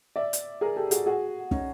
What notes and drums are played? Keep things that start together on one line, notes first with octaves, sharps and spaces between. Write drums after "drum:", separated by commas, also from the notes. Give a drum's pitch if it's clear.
D5 E5
drum: hi-hat
G#4 A#4
G4 A4
F#4 G#4, drum: hi-hat
F#4 G#4
C#4 D#4, drum: kick